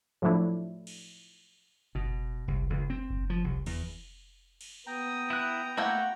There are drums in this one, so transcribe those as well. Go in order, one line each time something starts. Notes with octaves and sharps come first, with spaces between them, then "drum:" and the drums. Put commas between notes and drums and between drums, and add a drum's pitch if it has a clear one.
A2 F3 F#3 A3 D4 E4
drum: cymbal
B2, drum: kick F#1
C2, drum: kick F#1
C#2
C4
drum: kick F#1
F3
C2
E2, drum: cymbal
drum: cymbal
B3 G5 A#5 D#6
E4 F#6
A3 A#3 E4 F#4 F#5 G6